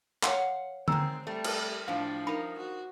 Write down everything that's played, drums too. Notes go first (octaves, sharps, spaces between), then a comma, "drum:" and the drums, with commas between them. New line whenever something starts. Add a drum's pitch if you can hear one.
C#5 F5 F#5 C6, drum: clap
D#3 G#3 C4 A#5 E6, drum: tom D3
G3 A3
drum: cymbal
A2 F3 D4 F5
D#4 A#4 B5
F#4